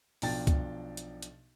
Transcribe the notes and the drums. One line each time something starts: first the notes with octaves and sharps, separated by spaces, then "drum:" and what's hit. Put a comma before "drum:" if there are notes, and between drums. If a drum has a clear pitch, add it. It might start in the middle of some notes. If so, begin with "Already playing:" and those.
B1 F3 D4 G5 A5 A6, drum: open hi-hat
drum: kick, hi-hat
drum: hi-hat
drum: hi-hat